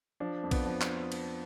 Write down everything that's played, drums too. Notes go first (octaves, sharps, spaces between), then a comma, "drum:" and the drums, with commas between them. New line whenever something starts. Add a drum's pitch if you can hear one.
F3 D4
F2
B3, drum: kick, cymbal
F3
drum: clap
drum: cymbal